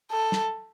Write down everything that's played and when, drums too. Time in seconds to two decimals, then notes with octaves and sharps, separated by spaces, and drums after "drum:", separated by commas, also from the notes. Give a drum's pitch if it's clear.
0.11 A4
0.32 drum: snare